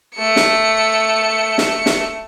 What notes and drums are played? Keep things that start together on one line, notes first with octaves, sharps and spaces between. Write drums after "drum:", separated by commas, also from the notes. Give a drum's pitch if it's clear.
A3 C#7
drum: snare
drum: snare
drum: snare